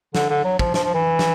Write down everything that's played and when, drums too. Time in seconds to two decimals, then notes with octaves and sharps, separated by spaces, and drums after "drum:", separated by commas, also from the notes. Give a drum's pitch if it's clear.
0.15 D3, drum: snare
0.30 D3
0.44 F#3
0.59 F3, drum: kick
0.74 F3, drum: snare
0.84 F3
0.94 E3
1.19 drum: snare